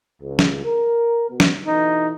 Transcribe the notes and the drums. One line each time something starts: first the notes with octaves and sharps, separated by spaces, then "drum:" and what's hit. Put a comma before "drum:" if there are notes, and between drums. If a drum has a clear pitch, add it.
C#2
drum: snare
A#4
B2
drum: snare
B2 D3 E3 D#4